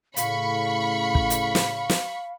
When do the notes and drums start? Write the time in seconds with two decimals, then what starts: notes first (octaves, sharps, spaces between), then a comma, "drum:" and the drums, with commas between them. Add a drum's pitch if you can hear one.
0.17 A2 C#3 F5 B5 C#6, drum: hi-hat
1.15 drum: kick
1.30 drum: hi-hat
1.55 drum: snare
1.90 drum: snare